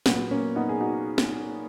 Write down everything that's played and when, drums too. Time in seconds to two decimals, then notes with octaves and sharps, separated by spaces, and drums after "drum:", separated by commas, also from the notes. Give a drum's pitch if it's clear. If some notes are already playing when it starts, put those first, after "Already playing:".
0.06 A#2 F#3 B3, drum: snare
0.31 A#3 C#4
0.56 B3 D#4
0.69 G#4
0.80 D#4 F#4
1.18 drum: snare